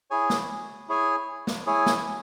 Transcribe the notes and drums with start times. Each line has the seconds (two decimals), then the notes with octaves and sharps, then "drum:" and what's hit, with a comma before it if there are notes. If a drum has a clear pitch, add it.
0.10 E4 G#4 C#5 G#5
0.30 drum: snare
0.89 E4 G#4 C#5 G#5
1.47 drum: snare
1.66 E4 G#4 C#5 G#5
1.86 drum: snare